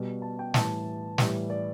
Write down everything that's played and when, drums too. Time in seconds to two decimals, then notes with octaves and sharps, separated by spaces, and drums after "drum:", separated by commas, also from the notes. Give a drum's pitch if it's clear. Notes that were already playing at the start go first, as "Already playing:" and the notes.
Already playing: B2 G3
0.22 A5
0.39 G5
0.54 A2 E3 G3 A5, drum: snare
1.18 A2 E3 G3, drum: snare
1.50 D5